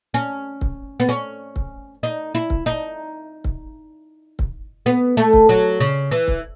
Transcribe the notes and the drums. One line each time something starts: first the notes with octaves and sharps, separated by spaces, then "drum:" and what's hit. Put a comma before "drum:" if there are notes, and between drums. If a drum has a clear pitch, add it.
C#4
drum: kick C#1
B3
C#4
drum: kick C#1
D#4
E4
drum: kick C#1
D#4
drum: kick C#1
drum: kick C#1
B3
A3
drum: kick C#1
F#3
C#3
E3
drum: kick C#1